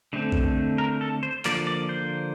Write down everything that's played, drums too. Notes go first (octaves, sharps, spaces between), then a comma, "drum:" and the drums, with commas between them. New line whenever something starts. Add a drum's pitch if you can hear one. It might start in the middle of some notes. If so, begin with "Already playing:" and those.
D3 A3 C4
drum: kick A#1
A#4
A4
C5
D3 F3 A#3 D5, drum: clap
D5
C5